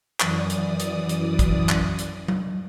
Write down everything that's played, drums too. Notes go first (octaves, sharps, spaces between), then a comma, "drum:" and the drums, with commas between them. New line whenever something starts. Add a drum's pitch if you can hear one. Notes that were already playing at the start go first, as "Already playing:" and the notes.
F#2 E3 D5 D#6, drum: clap
drum: hi-hat
drum: hi-hat
drum: hi-hat
drum: kick, hi-hat
drum: clap
drum: hi-hat
drum: tom F#3